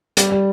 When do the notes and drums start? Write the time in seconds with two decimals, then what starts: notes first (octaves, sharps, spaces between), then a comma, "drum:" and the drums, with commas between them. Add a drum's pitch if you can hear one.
0.17 G3, drum: hi-hat
0.32 G3